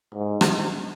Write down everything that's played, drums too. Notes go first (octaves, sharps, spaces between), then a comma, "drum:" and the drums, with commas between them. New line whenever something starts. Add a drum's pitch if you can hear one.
G#2
drum: rim click